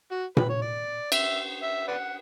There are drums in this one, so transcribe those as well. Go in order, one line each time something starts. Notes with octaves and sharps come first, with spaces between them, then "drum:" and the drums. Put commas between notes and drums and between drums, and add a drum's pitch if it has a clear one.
F#4
B4, drum: tom A#2
C#5
D5
E5, drum: cymbal
E5
B4 D5 F#5